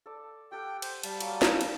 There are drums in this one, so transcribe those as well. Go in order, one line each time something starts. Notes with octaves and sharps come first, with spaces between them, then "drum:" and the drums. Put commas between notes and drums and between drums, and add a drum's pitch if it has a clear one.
A4 D5
G4 A4 F#5 G5
C5, drum: cymbal
G3 F5 A5, drum: cymbal
F#3 A#3, drum: cymbal
drum: snare
drum: cymbal